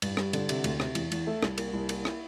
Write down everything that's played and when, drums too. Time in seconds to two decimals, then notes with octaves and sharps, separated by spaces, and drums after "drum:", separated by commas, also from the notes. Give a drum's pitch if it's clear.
0.02 G2, drum: cymbal
0.17 G3, drum: rim click
0.33 D3, drum: cymbal
0.49 C3, drum: cymbal
0.64 D2, drum: cymbal
0.80 C3, drum: rim click
0.95 E2, drum: cymbal
1.12 E2, drum: cymbal
1.27 A3
1.43 C2, drum: rim click
1.58 A#3, drum: cymbal
1.73 C2
1.89 A#3, drum: cymbal
2.05 E4, drum: rim click